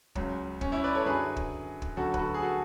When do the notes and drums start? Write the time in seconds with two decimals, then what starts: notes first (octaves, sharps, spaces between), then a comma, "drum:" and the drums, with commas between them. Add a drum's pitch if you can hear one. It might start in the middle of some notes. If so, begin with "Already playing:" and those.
0.15 C#2 C#3 F#3, drum: kick
0.61 C#4, drum: kick
0.72 C#4 E4
0.84 B4 D5
0.95 A4 C#5
1.06 F#2 D3 F#3 G#4 B4
1.36 drum: kick
1.82 drum: kick
1.97 D2 D3 F#3 F#4 A4
2.14 B4, drum: kick
2.19 F#4 A4
2.34 G#4
2.42 F#4 A4